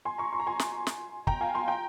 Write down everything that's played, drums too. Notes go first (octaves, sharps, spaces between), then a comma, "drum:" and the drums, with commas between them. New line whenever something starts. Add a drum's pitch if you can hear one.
G#5 C6
A#5 C#6
C6
A#5
G#5 C6
drum: snare
drum: snare
G5 A#5, drum: kick
F5 G#5
G#5 C6
G5 A#5